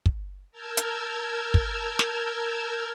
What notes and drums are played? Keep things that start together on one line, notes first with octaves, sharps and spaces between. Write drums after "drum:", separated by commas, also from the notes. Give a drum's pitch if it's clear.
drum: kick
A#4 A5 E6 F6 G6 G#6
drum: hi-hat
drum: kick
drum: snare